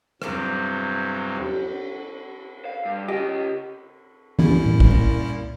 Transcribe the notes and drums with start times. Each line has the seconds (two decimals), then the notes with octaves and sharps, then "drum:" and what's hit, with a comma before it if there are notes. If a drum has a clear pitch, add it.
0.22 E2 G2 C3 F#3, drum: rim click
1.36 drum: cymbal
2.65 F5
2.85 G2
3.08 C#3 G4 D#5
4.39 C2 F#2 E4, drum: tom E3
4.66 drum: tom A2
4.80 drum: kick
4.90 A#2